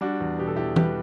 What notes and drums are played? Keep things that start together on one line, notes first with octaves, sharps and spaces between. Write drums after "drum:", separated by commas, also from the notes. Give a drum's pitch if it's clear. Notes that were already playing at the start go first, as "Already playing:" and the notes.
G3 D4 F#4
E2
B2 G4
A4
E2 E4 G4
G3 G4 B4, drum: tom E3